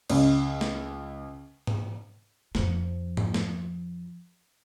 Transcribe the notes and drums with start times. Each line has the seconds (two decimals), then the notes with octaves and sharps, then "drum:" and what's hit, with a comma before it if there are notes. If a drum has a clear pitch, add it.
0.10 C#2, drum: cymbal
0.61 drum: snare
1.67 drum: tom G#2
2.55 F2 F3, drum: snare
3.17 drum: tom G#2
3.34 drum: snare